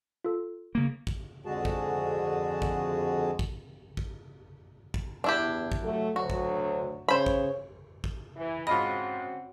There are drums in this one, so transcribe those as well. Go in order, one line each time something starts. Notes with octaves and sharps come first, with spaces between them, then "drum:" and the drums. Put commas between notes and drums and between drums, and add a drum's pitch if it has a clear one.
F4 A4
C#3 A#3
drum: kick
F2 D3 G#3 F#4 G#4 A5
drum: kick
drum: kick
drum: kick
drum: kick
drum: kick
E2 D4 E4 G4
drum: kick
F#3 A3
D2 F#3 F#4
drum: kick
C#3 C5 C#5 B5
drum: kick
drum: kick
E3
G#2 C4 C#4 F4 F#4 D#5 B5